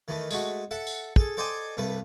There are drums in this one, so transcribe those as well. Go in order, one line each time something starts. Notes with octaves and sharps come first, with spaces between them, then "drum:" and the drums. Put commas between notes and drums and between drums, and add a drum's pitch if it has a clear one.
D#3 E3 A3
G#3 A3 F#4, drum: tambourine
A4 E5 F#5
drum: tambourine
G#4 A4, drum: kick
A4 C5 D5 D#5 G5 G#5
C2 G2 A3 B4